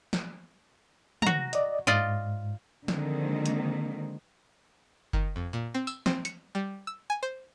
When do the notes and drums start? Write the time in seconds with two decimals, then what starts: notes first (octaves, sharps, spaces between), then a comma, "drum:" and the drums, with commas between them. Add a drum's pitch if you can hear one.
0.13 drum: snare
1.22 F#4 A#5, drum: tom
1.53 D5 D#5, drum: hi-hat
1.87 G#2 F4 D5 D#5
2.88 D3 D#3 F3 G#3 A#3 C4, drum: snare
3.46 drum: hi-hat
5.13 D#3, drum: kick F#1
5.36 F2
5.53 A#2
5.74 C4
5.87 E6, drum: tambourine
6.06 C4, drum: snare
6.25 C#7, drum: hi-hat
6.55 G3
6.87 E6
7.10 G#5
7.23 C5